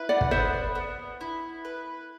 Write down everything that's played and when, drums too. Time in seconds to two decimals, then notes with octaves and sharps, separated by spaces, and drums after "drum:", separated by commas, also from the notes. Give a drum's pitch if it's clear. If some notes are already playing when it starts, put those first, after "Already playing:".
Already playing: E4 B4
0.09 D5 F#5
0.21 drum: kick
0.31 B3 C5 E5
0.75 B3
1.21 E4
1.65 B4